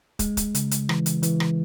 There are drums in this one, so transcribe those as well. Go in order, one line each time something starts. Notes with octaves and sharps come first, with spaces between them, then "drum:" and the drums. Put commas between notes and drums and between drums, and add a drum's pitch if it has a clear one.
G#3, drum: kick, hi-hat
drum: kick, hi-hat
C#3, drum: hi-hat
drum: hi-hat
E3, drum: rim click
drum: hi-hat
E3, drum: hi-hat
drum: rim click